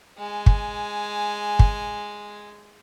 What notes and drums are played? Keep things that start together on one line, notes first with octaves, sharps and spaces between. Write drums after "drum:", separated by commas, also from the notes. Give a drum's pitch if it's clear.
G#3 G#5
drum: kick
drum: kick